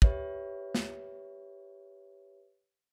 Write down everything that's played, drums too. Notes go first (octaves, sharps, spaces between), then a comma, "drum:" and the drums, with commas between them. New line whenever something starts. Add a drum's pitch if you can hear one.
G4 B4 C#5 E5, drum: kick
drum: snare